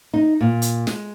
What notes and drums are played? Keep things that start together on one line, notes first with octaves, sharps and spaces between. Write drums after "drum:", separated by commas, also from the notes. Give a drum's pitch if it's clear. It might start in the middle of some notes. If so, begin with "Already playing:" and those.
D#4
A#2
drum: hi-hat
G#3, drum: snare